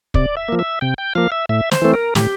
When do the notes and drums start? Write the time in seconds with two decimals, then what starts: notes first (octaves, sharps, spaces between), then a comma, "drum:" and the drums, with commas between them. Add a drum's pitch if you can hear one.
0.14 C3 D5, drum: kick
0.37 E5
0.48 F3 A#3
0.59 E5
0.81 C3 G5
0.98 G5
1.15 F3 A#3 F5
1.32 E5
1.49 A2 E5
1.71 C5, drum: snare
1.82 E3 A3 C4
1.94 A#4
2.15 A2 G4, drum: snare